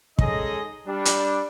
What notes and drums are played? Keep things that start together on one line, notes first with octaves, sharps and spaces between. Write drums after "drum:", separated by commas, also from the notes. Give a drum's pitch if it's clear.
G#3 C#4 D#4 G#4 A4 D#5, drum: kick
G3 D4
drum: hi-hat